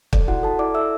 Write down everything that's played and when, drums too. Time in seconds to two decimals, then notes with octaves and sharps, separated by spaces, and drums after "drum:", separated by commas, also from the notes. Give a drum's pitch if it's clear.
0.13 A4 D5, drum: kick
0.28 E4 F#4 F#5
0.43 A4 A5
0.59 E4 D5 D6
0.74 A4 E5 E6